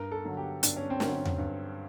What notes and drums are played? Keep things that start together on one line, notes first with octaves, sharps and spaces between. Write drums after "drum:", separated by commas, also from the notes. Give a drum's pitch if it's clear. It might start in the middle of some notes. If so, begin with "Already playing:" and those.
Already playing: G2 A#4
A4
D3 F#3
G4
G2 D4, drum: hi-hat
C#4
C4
D3 F#3 C#4, drum: snare
drum: tom E2
G2